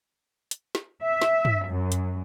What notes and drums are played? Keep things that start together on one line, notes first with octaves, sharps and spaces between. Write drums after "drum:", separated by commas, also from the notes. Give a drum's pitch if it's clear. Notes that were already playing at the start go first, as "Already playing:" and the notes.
drum: hi-hat
drum: snare
E5
drum: snare
drum: tom
F#2
drum: hi-hat